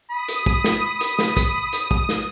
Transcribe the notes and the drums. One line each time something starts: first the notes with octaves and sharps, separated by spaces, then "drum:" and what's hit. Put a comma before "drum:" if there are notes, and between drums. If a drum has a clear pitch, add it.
B5 D#6
drum: hi-hat
drum: kick
drum: snare
drum: hi-hat
drum: snare
drum: kick, hi-hat
drum: hi-hat
drum: kick
drum: snare